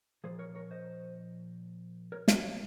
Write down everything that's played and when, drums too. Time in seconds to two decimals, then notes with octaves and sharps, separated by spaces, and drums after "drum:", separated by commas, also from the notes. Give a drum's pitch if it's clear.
0.24 A#2 F3 G#4 C5
0.39 A#4 C#5
0.55 A#4 C#5
0.71 C5 D#5
2.12 A#4 C#5
2.28 C5 D#5, drum: snare
2.43 C#5 F5